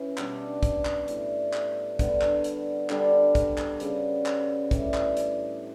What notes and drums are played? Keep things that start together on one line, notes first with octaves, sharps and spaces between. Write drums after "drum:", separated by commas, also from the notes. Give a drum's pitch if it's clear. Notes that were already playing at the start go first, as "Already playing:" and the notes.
Already playing: E3 C#4
B2 G3 D4, drum: clap
drum: kick, hi-hat
drum: clap
A2 G3 B3, drum: hi-hat
drum: clap
D3 G3 B3, drum: kick, hi-hat
drum: clap
drum: hi-hat
D3 G3 D4, drum: clap
drum: kick, hi-hat
drum: clap
C#3 G3 B3, drum: hi-hat
drum: clap
A2 E3 G3 D4, drum: kick, hi-hat
drum: clap
drum: hi-hat